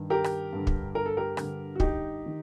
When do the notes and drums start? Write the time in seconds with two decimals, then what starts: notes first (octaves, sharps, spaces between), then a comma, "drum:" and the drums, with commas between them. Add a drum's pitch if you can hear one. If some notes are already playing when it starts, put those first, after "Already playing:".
Already playing: G2 D#3
0.10 G4 A#4
0.24 drum: rim click
0.53 G2 D3
0.67 drum: kick
0.95 A#4
1.06 A4
1.17 G4 A#4
1.37 G2 D3, drum: rim click
1.75 F#4
1.80 D#4 G4, drum: kick
2.26 D#3